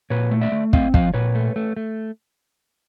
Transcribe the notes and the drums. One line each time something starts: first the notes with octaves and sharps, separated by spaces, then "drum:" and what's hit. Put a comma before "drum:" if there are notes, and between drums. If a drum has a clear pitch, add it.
A#2 B4 C#5
A3
D5 E5
A3
C4 D#5 F5, drum: kick
F3 D#5 F5, drum: kick
A#2 B4 C#5
A3
A3
A3